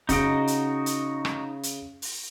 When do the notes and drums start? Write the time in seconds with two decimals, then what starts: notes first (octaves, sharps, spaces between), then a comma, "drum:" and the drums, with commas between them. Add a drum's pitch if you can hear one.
0.09 C#3 D#4 F#4 D#5 D7, drum: kick E1, hi-hat
0.47 drum: hi-hat
0.86 drum: hi-hat
1.25 drum: rim click
1.63 drum: hi-hat
2.02 drum: open hi-hat